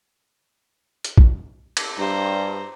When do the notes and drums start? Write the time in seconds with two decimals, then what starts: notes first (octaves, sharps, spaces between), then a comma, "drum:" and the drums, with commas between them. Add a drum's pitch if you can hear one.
1.04 drum: hi-hat
1.18 drum: kick
1.77 drum: cymbal
1.97 G2 C5 A#5